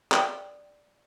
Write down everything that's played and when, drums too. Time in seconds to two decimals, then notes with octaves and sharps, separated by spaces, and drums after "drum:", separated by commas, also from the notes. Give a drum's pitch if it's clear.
0.12 D5 G5, drum: clap